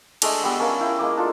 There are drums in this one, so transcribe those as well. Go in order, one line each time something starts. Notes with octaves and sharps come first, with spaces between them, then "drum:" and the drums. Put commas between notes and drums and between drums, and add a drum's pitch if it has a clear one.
G#3 A3 D4, drum: cymbal
G3 B3 E6
C#4 A#4 F5
E4 G5
G#3 A#3 D6
D4 F4 A4